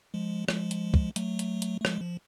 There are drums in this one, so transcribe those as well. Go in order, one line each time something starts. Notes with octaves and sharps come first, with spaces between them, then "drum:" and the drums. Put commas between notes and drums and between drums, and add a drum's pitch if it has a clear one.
F3 G#3
F3 G#3, drum: rim click
drum: hi-hat
drum: kick
F#3 A3, drum: hi-hat
drum: hi-hat
drum: hi-hat
A3
F3 G#3, drum: rim click
F3